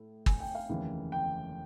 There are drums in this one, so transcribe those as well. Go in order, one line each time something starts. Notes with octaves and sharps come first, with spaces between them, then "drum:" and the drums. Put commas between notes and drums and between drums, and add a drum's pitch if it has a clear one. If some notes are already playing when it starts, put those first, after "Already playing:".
Already playing: A2
G#5, drum: kick G1
G5
F5
F1 D#2 C#3 E3
G5